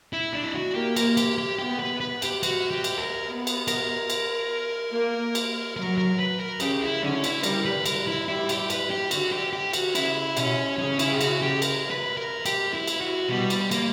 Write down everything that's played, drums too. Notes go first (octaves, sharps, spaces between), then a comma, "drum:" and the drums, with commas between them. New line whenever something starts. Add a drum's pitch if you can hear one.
E4
D4
E4
F#4
A#3 G4
A#4, drum: cymbal
G4, drum: cymbal
G4
B3 G4
B4
B4
G4, drum: cymbal
F#4, drum: cymbal
G4
drum: cymbal
A#4
B3
drum: cymbal
A#4, drum: cymbal
drum: cymbal
A#3
drum: cymbal
F#3 A#4
A#4
B4
A#4
C#3 G4, drum: cymbal
E4
D3 C#4
E4, drum: cymbal
G3 A#4, drum: cymbal
B4
A#4, drum: cymbal
E4
G3 E4
G4, drum: cymbal
B4, drum: cymbal
G4
D3 F#4, drum: cymbal
G4
G4
F#4, drum: cymbal
C#3 E4, drum: cymbal
B2 C#4, drum: cymbal
C#3 C#4
E4, drum: cymbal
G4
F#4, drum: cymbal
G4
A#4, drum: cymbal
B4
A#4
G4, drum: cymbal
E4
drum: cymbal
F#4
B2 G3
drum: cymbal
A#3, drum: cymbal